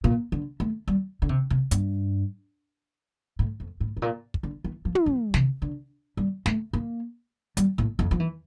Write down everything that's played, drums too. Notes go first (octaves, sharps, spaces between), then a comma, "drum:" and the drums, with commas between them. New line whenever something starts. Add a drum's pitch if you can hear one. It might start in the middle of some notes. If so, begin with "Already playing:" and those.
A#2
D3
A3
G3
D3
C3, drum: kick
C3, drum: kick
G2, drum: hi-hat
A2
F2
A2
A2
A#2
drum: kick
D3
E3
F3
drum: tom
E3
C3, drum: snare
D3
G3
A3, drum: snare
A#3
G3, drum: hi-hat
A2, drum: kick
F2
F3
E3